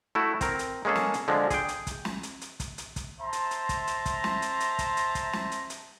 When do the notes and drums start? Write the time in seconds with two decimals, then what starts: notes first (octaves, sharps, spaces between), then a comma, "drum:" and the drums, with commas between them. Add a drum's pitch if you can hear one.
0.15 A3 E4 F#4
0.41 C4 A#4, drum: kick, hi-hat
0.59 drum: hi-hat
0.85 G#3 A#3 C#4 G#4 A4
0.95 drum: snare
1.14 drum: hi-hat
1.28 D3 F3 G#3
1.50 G#4 G5, drum: kick, hi-hat
1.68 drum: hi-hat
1.87 drum: kick, hi-hat
2.05 drum: snare
2.23 drum: hi-hat
2.41 drum: hi-hat
2.60 drum: kick, hi-hat
2.78 drum: hi-hat
2.96 drum: kick, hi-hat
3.20 C5 E5 A5 A#5 C6
3.33 drum: hi-hat
3.51 drum: hi-hat
3.69 drum: kick, hi-hat
3.87 drum: hi-hat
4.06 drum: kick, hi-hat
4.24 drum: snare
4.42 drum: hi-hat
4.60 drum: hi-hat
4.79 drum: kick, hi-hat
4.97 drum: hi-hat
5.15 drum: kick, hi-hat
5.33 drum: snare
5.52 drum: hi-hat
5.70 drum: hi-hat